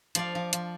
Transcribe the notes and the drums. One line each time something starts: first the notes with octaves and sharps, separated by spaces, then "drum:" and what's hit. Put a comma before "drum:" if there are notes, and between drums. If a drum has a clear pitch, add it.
F3 D5 F5, drum: hi-hat
F3
F3, drum: hi-hat